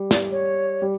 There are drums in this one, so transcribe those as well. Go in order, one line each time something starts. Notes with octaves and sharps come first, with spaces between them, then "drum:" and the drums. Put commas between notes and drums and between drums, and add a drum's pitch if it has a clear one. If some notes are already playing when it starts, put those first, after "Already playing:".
Already playing: G3
D5, drum: snare
C#5
G3